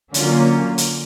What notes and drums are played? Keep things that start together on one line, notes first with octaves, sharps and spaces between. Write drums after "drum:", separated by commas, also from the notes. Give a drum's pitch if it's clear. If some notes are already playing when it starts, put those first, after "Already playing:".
D3 F#3 A#3 C#4 F4, drum: hi-hat
drum: hi-hat